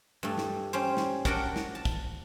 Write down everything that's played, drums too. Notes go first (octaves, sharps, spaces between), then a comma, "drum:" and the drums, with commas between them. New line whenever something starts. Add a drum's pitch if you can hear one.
G2 A3
drum: snare
G3 C#4 C5
drum: snare
D4 F#4 A#4 F#5 G5, drum: kick
drum: snare
A5
drum: kick, tambourine